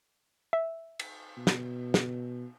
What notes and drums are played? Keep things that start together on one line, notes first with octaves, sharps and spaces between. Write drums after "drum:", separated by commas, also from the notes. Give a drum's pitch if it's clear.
E5
drum: cymbal
B2
drum: snare
drum: snare